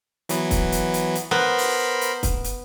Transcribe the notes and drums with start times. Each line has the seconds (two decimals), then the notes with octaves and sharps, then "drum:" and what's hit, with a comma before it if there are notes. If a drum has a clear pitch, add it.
0.29 E3 F#3 B3, drum: hi-hat
0.51 drum: kick, hi-hat
0.72 drum: hi-hat
0.94 drum: hi-hat
1.15 drum: hi-hat
1.31 B3 A#4 C5 B5
1.58 drum: open hi-hat
2.01 drum: hi-hat
2.23 drum: kick, hi-hat
2.44 drum: hi-hat